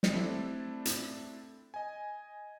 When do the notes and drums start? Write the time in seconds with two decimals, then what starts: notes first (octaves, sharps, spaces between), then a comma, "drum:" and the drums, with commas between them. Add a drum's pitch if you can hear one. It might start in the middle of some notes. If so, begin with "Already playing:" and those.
0.03 drum: snare
0.12 A3 C4 D4 E4 G4 A4
0.85 drum: hi-hat
1.74 D#5 G#5